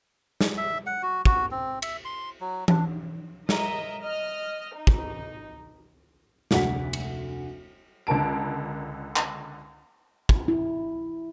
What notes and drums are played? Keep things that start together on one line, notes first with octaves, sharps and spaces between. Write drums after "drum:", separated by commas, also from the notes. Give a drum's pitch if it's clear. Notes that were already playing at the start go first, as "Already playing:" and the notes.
drum: snare
E5
F#5
F#4
F#4, drum: kick
C4
E5, drum: cymbal
C6
F#3
D4, drum: tom E3
A#4 D#5 E5 A#5, drum: snare
D#5 F6
D#4
drum: kick
F1 D2 F#4 F#5 B6, drum: snare
drum: cymbal
C#2 D3 A#4 A5 D7
drum: clap
drum: kick
E4